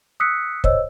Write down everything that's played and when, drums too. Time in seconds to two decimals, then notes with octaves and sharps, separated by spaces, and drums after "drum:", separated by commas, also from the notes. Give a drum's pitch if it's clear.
0.20 D#6 E6 F#6 B6 C#7
0.64 C5 C#5 D#5 E6, drum: kick